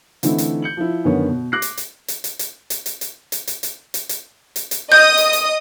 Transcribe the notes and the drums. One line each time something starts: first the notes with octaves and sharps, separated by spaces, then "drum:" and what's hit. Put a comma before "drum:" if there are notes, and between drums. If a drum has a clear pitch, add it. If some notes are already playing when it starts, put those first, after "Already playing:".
D3 E3 A3 C4 D#4 E4, drum: hi-hat
drum: hi-hat
G6 C#7 F#7
F3 E4
F#2 D3 D#3 B3 C#5
B2
D6 F#6 A#6 C7
drum: hi-hat
drum: hi-hat
drum: hi-hat
drum: hi-hat
drum: hi-hat
drum: hi-hat
drum: hi-hat
drum: hi-hat
drum: hi-hat
drum: hi-hat
drum: hi-hat
drum: hi-hat
drum: hi-hat
drum: hi-hat
drum: hi-hat
D#5 D#6 G6
drum: hi-hat
drum: hi-hat